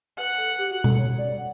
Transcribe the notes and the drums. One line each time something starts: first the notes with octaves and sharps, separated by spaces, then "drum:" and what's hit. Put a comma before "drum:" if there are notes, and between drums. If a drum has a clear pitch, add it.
B4 F#5
A4
G4
F#4
A4, drum: tom B2
C#5
D5
F#5